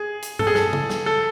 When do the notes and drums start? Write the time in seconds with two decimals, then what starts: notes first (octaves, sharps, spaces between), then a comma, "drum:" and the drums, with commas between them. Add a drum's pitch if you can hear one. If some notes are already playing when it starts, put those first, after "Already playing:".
Already playing: G#4
0.22 drum: hi-hat
0.39 A4, drum: tom G2
0.47 G#4
0.55 A4, drum: snare
0.73 drum: tom
0.90 drum: snare
1.06 A4